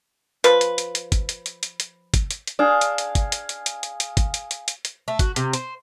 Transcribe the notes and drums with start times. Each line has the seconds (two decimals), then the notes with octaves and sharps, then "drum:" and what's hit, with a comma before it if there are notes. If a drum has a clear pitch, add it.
0.44 F3 B4, drum: hi-hat
0.61 drum: hi-hat
0.78 drum: hi-hat
0.95 drum: hi-hat
1.12 drum: kick G1, hi-hat
1.29 drum: hi-hat
1.46 drum: hi-hat
1.63 drum: hi-hat
1.80 drum: hi-hat
2.14 drum: kick G1, hi-hat
2.31 drum: hi-hat
2.47 drum: hi-hat
2.59 D4 G#4 F5
2.81 drum: hi-hat
2.98 drum: hi-hat
3.15 drum: kick G1, hi-hat
3.32 drum: hi-hat
3.49 drum: hi-hat
3.66 drum: hi-hat
3.83 drum: hi-hat
4.00 drum: hi-hat
4.17 drum: kick G1, hi-hat
4.34 drum: hi-hat
4.51 drum: hi-hat
4.68 drum: hi-hat
4.85 drum: hi-hat
5.08 A3
5.19 F#4, drum: kick G1, hi-hat
5.36 C3, drum: hi-hat
5.53 C5, drum: hi-hat